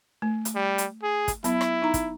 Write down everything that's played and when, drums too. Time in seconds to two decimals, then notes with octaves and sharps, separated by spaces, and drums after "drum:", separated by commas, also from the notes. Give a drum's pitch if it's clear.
0.22 A3
0.45 drum: hi-hat
0.55 G3
0.78 drum: hi-hat
1.03 G#4
1.28 drum: kick, hi-hat
1.44 F#3 B3 E4 B5, drum: hi-hat
1.61 drum: rim click
1.82 D#4 A#5
1.94 drum: kick, hi-hat